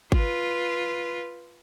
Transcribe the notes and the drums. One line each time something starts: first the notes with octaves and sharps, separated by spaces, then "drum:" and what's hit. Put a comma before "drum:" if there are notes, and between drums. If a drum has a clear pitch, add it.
F4 B4, drum: kick G#1